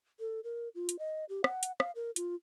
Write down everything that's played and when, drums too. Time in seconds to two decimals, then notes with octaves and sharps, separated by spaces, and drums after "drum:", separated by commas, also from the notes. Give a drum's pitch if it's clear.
0.20 A4
0.44 A#4
0.75 F4
0.89 drum: hi-hat
0.99 D#5
1.29 G4
1.44 F#5, drum: rim click
1.63 drum: hi-hat
1.80 F5, drum: rim click
1.95 A#4
2.16 F4, drum: hi-hat